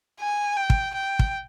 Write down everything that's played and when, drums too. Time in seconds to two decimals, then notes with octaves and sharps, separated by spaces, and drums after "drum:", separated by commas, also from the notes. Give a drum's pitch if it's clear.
0.20 G#5
0.57 G5
0.70 drum: kick
0.95 G5
1.19 drum: kick